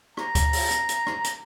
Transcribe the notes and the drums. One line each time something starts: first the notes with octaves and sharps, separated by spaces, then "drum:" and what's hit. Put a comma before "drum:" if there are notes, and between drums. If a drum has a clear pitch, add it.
A#5, drum: rim click
drum: kick D2, hi-hat
drum: open hi-hat
drum: hi-hat
drum: hi-hat
drum: rim click
drum: hi-hat